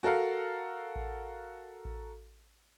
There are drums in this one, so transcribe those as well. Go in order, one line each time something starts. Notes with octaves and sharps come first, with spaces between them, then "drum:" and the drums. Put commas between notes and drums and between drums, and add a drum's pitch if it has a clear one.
F#4 A4 A#4 F5 F#5
drum: kick A1
drum: kick A1